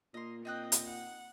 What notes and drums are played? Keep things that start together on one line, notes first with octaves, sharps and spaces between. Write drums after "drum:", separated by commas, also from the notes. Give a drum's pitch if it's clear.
A#2 A#3 D#5 C6
C4 D#4 D#5 G5 F#6
drum: hi-hat
F#5